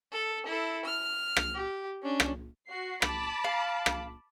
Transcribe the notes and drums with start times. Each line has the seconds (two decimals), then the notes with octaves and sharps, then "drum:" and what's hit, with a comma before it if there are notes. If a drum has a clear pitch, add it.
0.12 A4
0.46 E4 A4
0.85 F6
1.37 drum: rim click
1.55 G4
2.03 C#4 D4
2.20 drum: rim click
2.66 F#4 C7
3.02 A5 B5 D6, drum: rim click
3.44 F5
3.86 drum: rim click